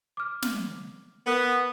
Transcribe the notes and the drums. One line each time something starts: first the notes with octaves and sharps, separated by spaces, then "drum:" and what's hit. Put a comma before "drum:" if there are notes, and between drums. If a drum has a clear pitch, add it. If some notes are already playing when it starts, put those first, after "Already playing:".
D6 F6
drum: snare
B3 A#4